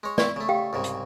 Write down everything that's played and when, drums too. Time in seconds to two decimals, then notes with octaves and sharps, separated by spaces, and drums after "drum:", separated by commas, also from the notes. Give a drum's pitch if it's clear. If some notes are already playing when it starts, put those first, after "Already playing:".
0.03 G#3 C#5
0.18 E4 C#5 D5 C6, drum: snare
0.36 C#3 A3
0.49 G4 F5 G5
0.73 C2 G#2 C#3
0.84 drum: hi-hat